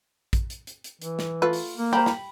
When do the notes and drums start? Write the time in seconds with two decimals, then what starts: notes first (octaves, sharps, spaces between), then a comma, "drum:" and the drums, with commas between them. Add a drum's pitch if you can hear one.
0.33 drum: kick, hi-hat
0.50 drum: hi-hat
0.67 drum: hi-hat
0.84 drum: hi-hat
1.02 E3, drum: hi-hat
1.19 drum: snare
1.42 A3 F4 B4
1.53 drum: open hi-hat
1.78 A#3
1.93 G4 C5 A#5 B5
2.06 B5, drum: snare